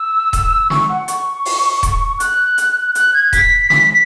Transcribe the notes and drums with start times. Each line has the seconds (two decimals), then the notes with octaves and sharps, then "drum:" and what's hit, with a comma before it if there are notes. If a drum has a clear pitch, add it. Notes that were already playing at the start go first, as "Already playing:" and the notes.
Already playing: E6
0.33 drum: kick D#1, hi-hat
0.70 C#6, drum: snare
0.89 F#5
1.08 C#6, drum: hi-hat
1.45 drum: open hi-hat
1.83 drum: kick D#1, hi-hat
2.20 F#6, drum: hi-hat
2.58 drum: hi-hat
2.95 F#6, drum: hi-hat
3.14 G#6
3.33 B6, drum: kick D#1, hi-hat
3.70 drum: snare